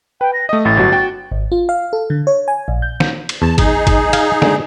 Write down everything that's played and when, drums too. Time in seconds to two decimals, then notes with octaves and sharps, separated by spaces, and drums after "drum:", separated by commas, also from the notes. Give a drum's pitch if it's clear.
0.21 B4 G5
0.34 A#6
0.49 A3 D#5 D#6
0.65 A1 A2 A6
0.77 G1 F#3 F#4
0.92 F#4 G5
1.32 G#1
1.52 F4
1.69 F5
1.93 A4
2.10 D3
2.27 C#5
2.48 G#5
2.68 A#1
2.82 G6
3.00 drum: snare
3.29 drum: cymbal
3.42 E2 A5
3.58 D#4 G#4, drum: kick, cymbal
3.87 drum: kick, cymbal
4.13 F5 G#5, drum: cymbal
4.42 D3 G#3, drum: snare